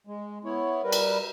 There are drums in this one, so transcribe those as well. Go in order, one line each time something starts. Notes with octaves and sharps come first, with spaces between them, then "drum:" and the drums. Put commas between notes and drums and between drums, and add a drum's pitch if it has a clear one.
G#3
B3 E4 C#5
G3 A#4 B4
drum: cymbal